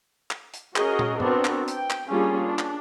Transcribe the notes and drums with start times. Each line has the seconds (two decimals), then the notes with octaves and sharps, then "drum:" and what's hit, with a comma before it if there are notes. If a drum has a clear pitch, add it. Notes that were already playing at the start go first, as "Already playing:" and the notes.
0.31 drum: clap
0.53 drum: hi-hat
0.76 C#4 F#4 G#4 A#4 D#5, drum: clap
0.99 drum: tom
1.20 B3 C4 D4 F#4 A#4, drum: tom
1.45 drum: clap
1.67 G5, drum: hi-hat
1.90 drum: clap
2.09 G3 A#3 C#4 D4 F4 G#4
2.40 D4
2.59 drum: clap